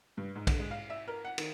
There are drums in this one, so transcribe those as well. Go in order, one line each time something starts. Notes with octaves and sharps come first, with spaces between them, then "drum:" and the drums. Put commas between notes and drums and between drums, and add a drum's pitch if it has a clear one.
G2
G#2
D3, drum: kick, cymbal
G#3
F5
E5
A#4
F#5
D#3, drum: cymbal